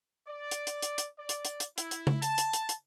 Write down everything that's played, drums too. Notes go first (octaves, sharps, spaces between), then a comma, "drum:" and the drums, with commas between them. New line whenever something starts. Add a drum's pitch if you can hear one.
D5
drum: hi-hat
drum: hi-hat
drum: hi-hat
drum: hi-hat
D5
drum: hi-hat
drum: hi-hat
drum: hi-hat
E4, drum: hi-hat
drum: hi-hat
drum: tom C#3
A5, drum: hi-hat
drum: hi-hat
drum: hi-hat
drum: hi-hat